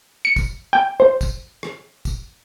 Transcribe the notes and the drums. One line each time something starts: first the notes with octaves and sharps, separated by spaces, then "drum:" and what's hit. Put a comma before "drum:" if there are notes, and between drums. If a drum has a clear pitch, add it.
C#7
drum: kick, tambourine
G5
C5
drum: kick, tambourine
drum: rim click
drum: kick, tambourine